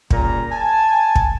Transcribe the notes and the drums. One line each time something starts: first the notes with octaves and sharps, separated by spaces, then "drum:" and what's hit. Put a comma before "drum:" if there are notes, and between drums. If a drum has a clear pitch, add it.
A#2 C#3 G3 A#5, drum: kick
G#5 A5
drum: kick